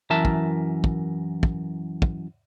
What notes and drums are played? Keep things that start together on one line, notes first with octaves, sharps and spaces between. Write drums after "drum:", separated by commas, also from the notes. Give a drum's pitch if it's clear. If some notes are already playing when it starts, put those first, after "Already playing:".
F#2 E3 A#4 E5 A5
drum: kick
drum: kick
drum: kick
drum: kick